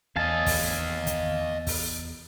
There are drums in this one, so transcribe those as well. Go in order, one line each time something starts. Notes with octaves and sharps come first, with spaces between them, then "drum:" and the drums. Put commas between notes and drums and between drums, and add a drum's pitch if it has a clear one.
E2 D#5 F5 G#5 A5
drum: kick, open hi-hat
drum: kick, hi-hat
drum: kick, open hi-hat